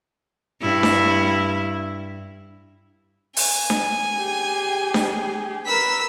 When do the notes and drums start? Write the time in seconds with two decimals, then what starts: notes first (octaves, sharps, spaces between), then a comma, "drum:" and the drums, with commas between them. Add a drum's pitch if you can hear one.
0.62 G2 E4
0.83 drum: snare D4
3.37 G#5, drum: open hi-hat
3.70 drum: snare D4
4.16 G4 G#4
4.94 drum: snare D4
5.66 A#4 B4 E6 B6